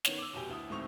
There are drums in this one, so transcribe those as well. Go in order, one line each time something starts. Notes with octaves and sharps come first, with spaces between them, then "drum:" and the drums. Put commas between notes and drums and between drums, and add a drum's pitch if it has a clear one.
D#3 B3 C#4 C#5 F#7 G7, drum: snare
D6 E6
F1 B2 G4 G#5 G7
D2 E4 D#6
D1 G#2 A3 C4 C#6 F7